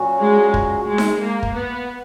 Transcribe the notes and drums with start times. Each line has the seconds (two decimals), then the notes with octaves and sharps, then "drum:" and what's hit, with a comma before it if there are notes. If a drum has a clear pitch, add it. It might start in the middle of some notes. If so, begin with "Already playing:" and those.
Already playing: A#2 F#3 C#4 F#4
0.20 G#3
0.54 drum: kick
0.88 G#3
0.98 drum: snare D#4
1.20 A#3
1.43 drum: kick
1.54 B3